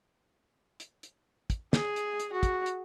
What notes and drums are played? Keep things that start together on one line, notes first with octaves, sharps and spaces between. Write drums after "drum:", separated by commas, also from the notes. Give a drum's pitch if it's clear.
drum: hi-hat
drum: hi-hat
drum: kick, hi-hat
G#4, drum: snare
drum: hi-hat
drum: hi-hat
F#4
drum: kick, hi-hat
drum: hi-hat